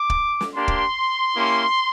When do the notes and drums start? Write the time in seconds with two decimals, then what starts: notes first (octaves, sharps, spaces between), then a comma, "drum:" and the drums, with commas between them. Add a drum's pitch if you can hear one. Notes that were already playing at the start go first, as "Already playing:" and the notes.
Already playing: D6
0.10 drum: kick
0.41 drum: snare
0.54 A#3 D4 G4 C6
0.68 drum: kick
1.35 A#3 C#4 E4 G4